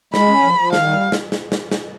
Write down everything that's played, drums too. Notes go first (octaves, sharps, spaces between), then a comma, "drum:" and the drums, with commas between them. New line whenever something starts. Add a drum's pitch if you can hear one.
G#3 B5, drum: snare
C#4
F3
F3
D#3 F5, drum: snare
G3
drum: snare
drum: snare
drum: snare
drum: snare